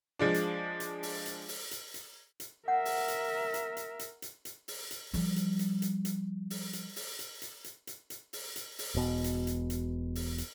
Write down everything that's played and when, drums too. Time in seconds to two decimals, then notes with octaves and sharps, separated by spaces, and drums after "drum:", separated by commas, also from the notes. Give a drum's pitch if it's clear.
0.19 F3 G#3 D4
0.34 drum: hi-hat
0.80 drum: hi-hat
1.03 drum: open hi-hat
1.26 drum: hi-hat
1.48 drum: open hi-hat
1.71 drum: hi-hat
1.94 drum: hi-hat
2.40 drum: hi-hat
2.68 A#4 E5 F#5
2.85 drum: open hi-hat
3.08 drum: hi-hat
3.54 drum: hi-hat
3.77 drum: hi-hat
3.99 drum: hi-hat
4.22 drum: hi-hat
4.45 drum: hi-hat
4.68 drum: open hi-hat
4.91 drum: hi-hat
5.13 F3 G3, drum: open hi-hat
5.36 drum: hi-hat
5.59 drum: hi-hat
5.82 drum: hi-hat
6.05 drum: hi-hat
6.50 drum: open hi-hat
6.73 drum: hi-hat
6.96 drum: open hi-hat
7.19 drum: hi-hat
7.42 drum: hi-hat
7.64 drum: hi-hat
7.87 drum: hi-hat
8.10 drum: hi-hat
8.33 drum: open hi-hat
8.56 drum: hi-hat
8.79 drum: open hi-hat
8.95 E1 B2
9.24 drum: hi-hat
9.47 drum: hi-hat
9.70 drum: hi-hat
10.15 drum: open hi-hat
10.38 drum: hi-hat